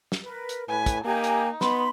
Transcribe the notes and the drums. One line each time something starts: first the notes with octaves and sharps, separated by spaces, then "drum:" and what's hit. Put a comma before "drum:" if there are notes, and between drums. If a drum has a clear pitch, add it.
drum: snare
A#4 B4
drum: hi-hat
A2 B4 G#5
drum: kick, hi-hat
A#3 D#4 G4 G#5
drum: hi-hat
B3 D#4 B5 C6, drum: snare